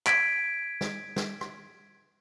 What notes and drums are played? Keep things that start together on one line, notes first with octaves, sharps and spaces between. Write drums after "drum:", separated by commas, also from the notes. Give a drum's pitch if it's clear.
G#6 B6 D7, drum: clap
drum: snare
drum: snare
drum: rim click